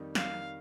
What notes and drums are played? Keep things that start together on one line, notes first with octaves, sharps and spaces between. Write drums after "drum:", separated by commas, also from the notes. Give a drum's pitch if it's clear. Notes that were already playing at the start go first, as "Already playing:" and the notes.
Already playing: F2 D#3 G3 D#4
F5, drum: snare